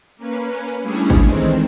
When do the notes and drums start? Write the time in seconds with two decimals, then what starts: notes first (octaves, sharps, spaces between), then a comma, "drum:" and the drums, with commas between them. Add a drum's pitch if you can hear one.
0.17 A#3 C#4 B4
0.55 drum: hi-hat
0.68 drum: hi-hat
0.81 G3 A3 C#4 D4 E4 G#4
0.96 drum: hi-hat
1.10 drum: kick, hi-hat
1.24 D#3 E3 G#3 A3 C4, drum: hi-hat
1.38 drum: hi-hat
1.51 drum: hi-hat